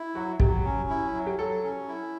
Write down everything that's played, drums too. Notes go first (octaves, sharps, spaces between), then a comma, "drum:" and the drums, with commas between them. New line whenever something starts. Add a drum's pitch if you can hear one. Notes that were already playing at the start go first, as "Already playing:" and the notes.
Already playing: E4
F#3 F#4
F#3 G4, drum: kick
C#4
E4
F#3
G4
F#3 A4
C#4
E4